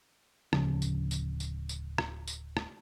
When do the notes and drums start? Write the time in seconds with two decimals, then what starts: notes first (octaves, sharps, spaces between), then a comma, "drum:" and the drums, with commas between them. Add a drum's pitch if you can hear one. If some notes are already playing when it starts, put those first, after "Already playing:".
0.53 D1 C#3 F3 C#4, drum: rim click
0.82 drum: tambourine
1.11 drum: tambourine
1.40 drum: tambourine
1.69 drum: tambourine
1.98 drum: rim click
2.28 drum: tambourine
2.57 drum: rim click